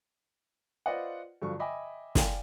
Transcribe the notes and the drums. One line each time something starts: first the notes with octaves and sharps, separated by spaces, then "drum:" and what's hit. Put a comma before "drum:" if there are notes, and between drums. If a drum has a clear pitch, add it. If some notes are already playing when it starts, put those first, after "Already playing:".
F4 B4 C5 D5 D#5 F#5
G2 D3 F3 F#3 C#6
D#5 E5 G5 G#5 B5 D6
D5 F5 G5 G#5, drum: snare